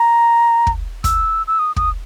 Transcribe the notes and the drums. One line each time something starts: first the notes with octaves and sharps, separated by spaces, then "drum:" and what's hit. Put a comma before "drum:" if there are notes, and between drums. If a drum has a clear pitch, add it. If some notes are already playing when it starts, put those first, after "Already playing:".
Already playing: A#5
drum: kick
E6, drum: kick, hi-hat
E6
D#6
D#6, drum: kick